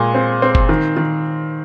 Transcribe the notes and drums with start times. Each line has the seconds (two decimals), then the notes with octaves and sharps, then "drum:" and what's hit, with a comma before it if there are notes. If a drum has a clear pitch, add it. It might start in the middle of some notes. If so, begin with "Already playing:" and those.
Already playing: A#2 G#3
0.15 C4
0.42 C4
0.55 drum: kick F#1
0.69 D#3
0.97 D#3